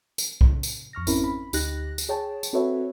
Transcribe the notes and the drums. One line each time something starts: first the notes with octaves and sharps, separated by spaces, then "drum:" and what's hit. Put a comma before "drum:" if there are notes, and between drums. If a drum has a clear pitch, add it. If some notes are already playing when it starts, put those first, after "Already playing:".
drum: tambourine
drum: kick
drum: tambourine
F2 C#6 F6 A#6
G#1 C4 C#4 E4 A#4 B5, drum: tambourine
B5
D2 D#4 G4 F#6 A#6, drum: tambourine
drum: tambourine
G#4 C#5 G5 A5
drum: tambourine
C4 F#4 A4 B4 C#5 E5